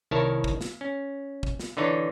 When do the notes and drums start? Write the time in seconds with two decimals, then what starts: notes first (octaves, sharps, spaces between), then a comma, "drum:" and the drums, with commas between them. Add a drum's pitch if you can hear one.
0.11 C2 D#3 E4 A#4 C#5 A5
0.44 drum: kick
0.61 drum: snare
0.81 C#4
1.43 drum: kick
1.60 drum: snare
1.77 D3 E3 D4 D#4 C#5